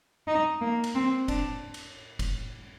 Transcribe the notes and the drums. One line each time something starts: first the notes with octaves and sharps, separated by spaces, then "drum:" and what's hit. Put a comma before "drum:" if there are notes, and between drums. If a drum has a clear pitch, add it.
D#4
A#3
drum: cymbal
C4
D4, drum: kick F1, cymbal
drum: cymbal
drum: kick F1, cymbal